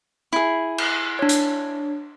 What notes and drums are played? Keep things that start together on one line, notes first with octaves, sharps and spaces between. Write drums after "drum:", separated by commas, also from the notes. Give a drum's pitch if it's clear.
E4 G#4
drum: cymbal
D4 C#5
drum: hi-hat